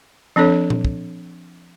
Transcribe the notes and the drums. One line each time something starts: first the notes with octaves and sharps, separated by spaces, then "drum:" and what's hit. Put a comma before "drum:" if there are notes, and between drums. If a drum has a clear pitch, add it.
F3 C4 D4 A4 C#5
drum: tom A#2
drum: kick